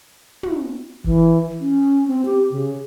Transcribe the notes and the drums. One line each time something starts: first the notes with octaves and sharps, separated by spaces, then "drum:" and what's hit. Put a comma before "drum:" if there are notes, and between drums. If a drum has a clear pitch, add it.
drum: tom
E3, drum: kick F1
C#4
C4
G4
C#3